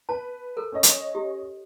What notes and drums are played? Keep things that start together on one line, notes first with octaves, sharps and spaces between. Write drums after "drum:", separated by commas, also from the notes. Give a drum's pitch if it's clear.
B4 A5
A4 A#4
C#4 C#5 D#5
drum: hi-hat
G4